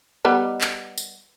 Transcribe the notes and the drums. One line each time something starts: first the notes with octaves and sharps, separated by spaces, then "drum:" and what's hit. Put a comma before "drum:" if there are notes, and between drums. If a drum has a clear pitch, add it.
G3 B3 D#4
drum: clap
drum: tambourine